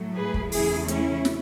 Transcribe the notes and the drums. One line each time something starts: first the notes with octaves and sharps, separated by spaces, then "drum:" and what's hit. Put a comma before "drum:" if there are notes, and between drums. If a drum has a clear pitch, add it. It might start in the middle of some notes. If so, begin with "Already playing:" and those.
Already playing: A2 F#3 A3
G#4 B4
drum: kick
E2 C#3 E3 A3 E4 G#4, drum: open hi-hat
C#4 E4, drum: hi-hat
drum: snare